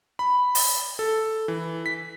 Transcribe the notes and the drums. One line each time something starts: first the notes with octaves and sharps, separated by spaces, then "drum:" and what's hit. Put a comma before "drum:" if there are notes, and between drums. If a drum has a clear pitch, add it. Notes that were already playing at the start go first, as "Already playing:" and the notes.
B5
drum: open hi-hat
A4
E3
B6